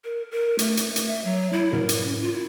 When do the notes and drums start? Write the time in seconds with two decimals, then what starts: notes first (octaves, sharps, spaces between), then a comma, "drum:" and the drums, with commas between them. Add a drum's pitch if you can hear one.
0.04 A#4
0.31 A#4
0.59 A3, drum: hi-hat
0.77 drum: hi-hat
0.96 drum: hi-hat
1.07 E5
1.24 F#3
1.53 E4
1.73 A#4, drum: tom
1.89 drum: hi-hat
2.04 C#4
2.22 F4
2.33 E4